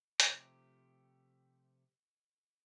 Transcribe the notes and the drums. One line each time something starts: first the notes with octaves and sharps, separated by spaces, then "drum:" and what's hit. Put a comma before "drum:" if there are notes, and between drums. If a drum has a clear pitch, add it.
C3 F3 A3 G4, drum: hi-hat